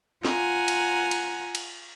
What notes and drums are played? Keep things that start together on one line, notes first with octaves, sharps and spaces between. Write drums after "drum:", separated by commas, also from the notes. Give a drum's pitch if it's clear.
F4 F#5 G#5 A#5, drum: snare
drum: cymbal
drum: cymbal
drum: cymbal